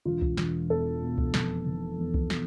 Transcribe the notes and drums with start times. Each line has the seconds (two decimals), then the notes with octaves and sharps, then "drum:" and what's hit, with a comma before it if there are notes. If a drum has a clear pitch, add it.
0.05 E1 F4
0.22 drum: kick C2
0.37 E1, drum: snare
0.70 E2 A4
1.02 B2
1.18 drum: kick C2
1.34 F1, drum: snare
1.66 F1
1.98 E2
2.14 drum: kick C2
2.30 B2, drum: snare